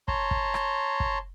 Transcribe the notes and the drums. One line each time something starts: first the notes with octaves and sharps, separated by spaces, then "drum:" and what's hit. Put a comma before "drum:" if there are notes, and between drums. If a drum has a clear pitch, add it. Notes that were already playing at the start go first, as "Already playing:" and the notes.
C#5 A5 A#5 C6, drum: kick
drum: kick
drum: rim click
drum: kick